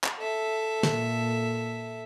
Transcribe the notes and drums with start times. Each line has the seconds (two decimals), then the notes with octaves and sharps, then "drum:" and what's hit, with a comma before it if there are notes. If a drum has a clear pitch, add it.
0.04 drum: clap
0.18 A4 E5
0.83 A#2, drum: snare